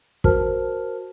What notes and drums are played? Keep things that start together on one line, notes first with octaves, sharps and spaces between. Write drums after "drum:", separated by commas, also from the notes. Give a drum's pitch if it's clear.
F#4 A#4 C5 A5 F6, drum: kick